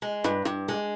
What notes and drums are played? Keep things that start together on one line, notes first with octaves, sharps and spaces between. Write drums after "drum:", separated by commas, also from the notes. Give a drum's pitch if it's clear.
G#3
G2, drum: rim click
G2, drum: rim click
G#3